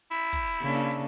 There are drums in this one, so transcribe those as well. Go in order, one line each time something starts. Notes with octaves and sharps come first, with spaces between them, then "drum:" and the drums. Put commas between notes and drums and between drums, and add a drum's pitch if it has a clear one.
E4
drum: kick, hi-hat
drum: hi-hat
C#3 A#3 D4
drum: snare
drum: hi-hat